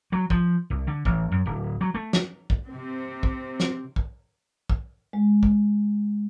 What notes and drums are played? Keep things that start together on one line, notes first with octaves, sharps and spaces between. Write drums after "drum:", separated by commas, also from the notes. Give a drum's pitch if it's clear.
F#3
F3, drum: kick
C2
D3
A1, drum: kick
F#2
D1
F#3
A3
drum: snare
drum: kick
C3 C4
drum: kick
drum: snare
drum: kick
drum: kick
G#3
drum: kick